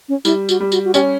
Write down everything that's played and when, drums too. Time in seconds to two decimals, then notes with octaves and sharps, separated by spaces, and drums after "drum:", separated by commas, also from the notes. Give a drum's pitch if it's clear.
0.09 C#4
0.25 G3 E4, drum: tambourine
0.49 F#4, drum: tambourine
0.60 G3
0.72 F#4, drum: tambourine
0.85 F#4
0.94 C#4 G4, drum: tambourine